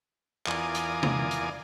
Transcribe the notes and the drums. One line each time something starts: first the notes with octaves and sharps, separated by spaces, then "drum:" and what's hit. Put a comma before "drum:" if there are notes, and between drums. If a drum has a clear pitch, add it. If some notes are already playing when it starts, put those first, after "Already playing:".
E2 F4 A#4 D5 G#5 D#6, drum: clap
drum: hi-hat
drum: tom C3
drum: hi-hat